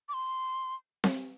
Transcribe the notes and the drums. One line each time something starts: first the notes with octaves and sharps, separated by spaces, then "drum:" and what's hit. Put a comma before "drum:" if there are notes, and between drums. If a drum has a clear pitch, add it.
D6
C6
drum: snare C4